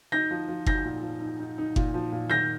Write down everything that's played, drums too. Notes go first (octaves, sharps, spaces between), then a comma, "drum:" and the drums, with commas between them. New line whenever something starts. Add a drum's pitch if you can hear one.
D#4 G6 A#6
F3
F3
D#4 G6 A#6, drum: kick F#1
A#2
F3
D#4
D#4
D#4
A#2, drum: kick F#1
F3
A#2
D#3 G6 A#6